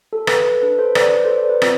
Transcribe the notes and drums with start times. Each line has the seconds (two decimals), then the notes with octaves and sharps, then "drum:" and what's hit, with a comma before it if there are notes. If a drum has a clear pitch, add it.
0.13 A4
0.27 B4, drum: rim click
0.37 A4
0.62 D4 A4 B4
0.78 A4 C5
0.95 B4 D5, drum: rim click
1.25 A4 C5
1.38 B4 D5
1.50 B4
1.62 C4 F4, drum: rim click